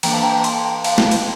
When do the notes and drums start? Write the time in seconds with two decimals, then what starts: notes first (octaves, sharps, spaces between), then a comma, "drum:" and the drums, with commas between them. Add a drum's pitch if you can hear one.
0.03 E3 A#3 D4 G5 A#5, drum: cymbal
0.13 F5 A5
0.23 G5 A#5
0.33 G5 A#5
0.44 A5 C6, drum: cymbal
0.64 G5 A#5
0.84 F5 A5, drum: cymbal
0.98 drum: snare
1.11 drum: cymbal